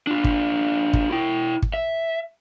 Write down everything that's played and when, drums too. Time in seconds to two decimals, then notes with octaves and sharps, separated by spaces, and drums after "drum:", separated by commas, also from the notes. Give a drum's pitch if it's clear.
0.07 D4 F4
0.24 drum: kick
0.93 drum: kick
1.11 E4 G5
1.62 drum: kick
1.74 E5